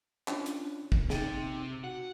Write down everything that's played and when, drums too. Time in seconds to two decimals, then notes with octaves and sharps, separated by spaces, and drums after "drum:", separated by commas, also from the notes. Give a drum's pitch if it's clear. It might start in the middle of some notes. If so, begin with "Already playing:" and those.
0.28 C#4 D4 F4, drum: clap
0.46 drum: hi-hat
0.92 drum: kick
1.10 C3 D#4 G5 A6, drum: snare
1.84 F#4 F#5